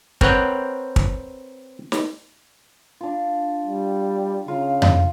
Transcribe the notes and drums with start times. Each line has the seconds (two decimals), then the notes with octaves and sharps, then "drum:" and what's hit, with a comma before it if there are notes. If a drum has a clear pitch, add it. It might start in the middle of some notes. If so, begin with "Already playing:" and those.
0.21 C4 A#4 B4 C#5 F#5 G5, drum: kick
0.96 drum: kick
1.92 drum: snare
3.01 D4 F4
3.68 G3
4.48 C#3 F4 A#5
4.82 drum: tom F2